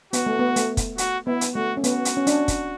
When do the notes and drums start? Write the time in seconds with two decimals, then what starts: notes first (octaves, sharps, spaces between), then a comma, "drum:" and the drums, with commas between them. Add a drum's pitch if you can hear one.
0.13 B3 F#4, drum: hi-hat
0.26 A3
0.39 B3
0.56 A3, drum: hi-hat
0.77 drum: kick, hi-hat
0.98 F#4, drum: hi-hat
1.27 B3 E4
1.41 drum: hi-hat
1.55 A3 F#4
1.77 C#4
1.84 B3 F#4, drum: hi-hat
2.05 drum: hi-hat
2.17 C#4
2.27 D4, drum: hi-hat
2.48 drum: kick, hi-hat